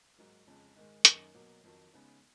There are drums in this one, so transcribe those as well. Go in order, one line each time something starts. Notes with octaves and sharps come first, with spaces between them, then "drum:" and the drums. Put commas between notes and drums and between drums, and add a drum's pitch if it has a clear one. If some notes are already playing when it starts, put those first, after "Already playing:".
G#2 F#3 A#3
F2 C#3 G#3
G#2 D#3 G#3
F#2 D#3 A#3 D#4, drum: hi-hat
B2 F#3 A#3
F2 D#3 F#3
C#3 G#3 B3 D#4